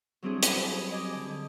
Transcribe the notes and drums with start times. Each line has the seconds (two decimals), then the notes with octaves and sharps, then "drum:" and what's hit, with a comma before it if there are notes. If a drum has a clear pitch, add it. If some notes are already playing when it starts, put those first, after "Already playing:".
0.23 F#3 G3 C4 D4 E4 G#4
0.43 D#5 B5, drum: hi-hat
0.91 G#4 D#5 G#5 D6
1.14 D3